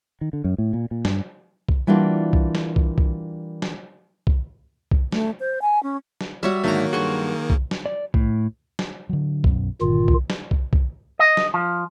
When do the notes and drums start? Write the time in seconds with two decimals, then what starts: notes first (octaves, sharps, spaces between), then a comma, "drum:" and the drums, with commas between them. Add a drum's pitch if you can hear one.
0.21 D#3
0.33 D3
0.44 F#2
0.58 A2
0.73 A#2
0.91 A#2
1.05 G2, drum: snare
1.69 drum: kick
1.87 E3 G3 A#3 D4 F4 F#4
2.33 drum: kick
2.55 drum: snare
2.76 drum: kick
2.98 drum: kick
3.62 drum: snare
4.27 drum: kick
4.91 drum: kick
5.12 A3, drum: snare
5.40 C5
5.62 G#5
5.83 C#4
6.21 drum: snare
6.43 G3 F#4 C#5 E5
6.64 G#2 D3 D#3 F#3 A3 A#3 A#5
6.93 G2 F#4 G#4 C6 C#6
7.50 drum: kick
7.71 drum: snare
7.86 D5
8.14 A2, drum: kick
8.79 drum: snare
9.09 D3 F#3
9.44 B1 F#2, drum: kick
9.81 G1 A#2 D#3 F4
10.08 drum: kick
10.30 drum: snare
10.51 drum: kick
10.73 drum: kick
11.19 D#5
11.37 drum: snare
11.54 F3